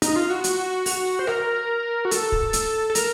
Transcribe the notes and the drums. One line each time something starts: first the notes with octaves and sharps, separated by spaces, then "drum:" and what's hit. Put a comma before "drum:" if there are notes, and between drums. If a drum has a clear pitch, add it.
D#4, drum: hi-hat
F4
F#4
drum: hi-hat
drum: open hi-hat
C5
A#4, drum: rim click
F#4
A4, drum: hi-hat
drum: kick
drum: hi-hat
A4
A#4, drum: hi-hat